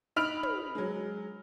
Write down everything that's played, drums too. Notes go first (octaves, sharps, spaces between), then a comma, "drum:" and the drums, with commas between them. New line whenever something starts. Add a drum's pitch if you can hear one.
D#4 B5 F6 D7 F7
drum: tom
F#3 G#3